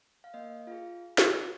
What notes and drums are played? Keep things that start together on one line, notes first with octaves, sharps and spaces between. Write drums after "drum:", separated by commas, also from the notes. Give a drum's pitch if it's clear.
F5
A#3 D#5
F4 G#4 F5
drum: snare